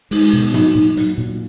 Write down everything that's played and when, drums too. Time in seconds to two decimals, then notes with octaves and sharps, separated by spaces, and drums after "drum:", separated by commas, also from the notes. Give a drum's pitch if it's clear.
0.11 G#3 D#4, drum: open hi-hat
0.33 B2
0.54 F#3, drum: tom
0.75 A#2
0.97 F#3, drum: hi-hat
1.18 A#2